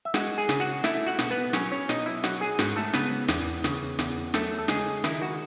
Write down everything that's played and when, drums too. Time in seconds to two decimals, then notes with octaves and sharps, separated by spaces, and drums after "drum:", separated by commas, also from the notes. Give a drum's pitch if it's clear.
0.05 E5
0.14 G#3 F#4 F#5, drum: snare
0.38 G#4 G#5
0.49 C#3, drum: snare
0.60 F#4 F#5
0.84 A3 E4 E5, drum: snare
1.07 F#4 F#5
1.19 B2, drum: snare
1.31 B3 B4
1.53 F#3 C#4 C#5, drum: snare
1.72 C#4 C#5
1.89 B2 D#4 D#5, drum: snare
2.06 E4 E5
2.24 F#3 F#4 F#5, drum: snare
2.41 G#4 G#5
2.59 G#2 F#4 F#5, drum: snare
2.76 A3 A4
2.93 C#3 B3 B4, drum: snare
3.28 E2, drum: snare
3.64 C#3, drum: snare
3.99 E2, drum: snare
4.34 F#3 A3 A4, drum: snare
4.58 A4
4.68 C#3 G#3 G#4, drum: snare
5.04 D#3 E4, drum: snare
5.22 F#4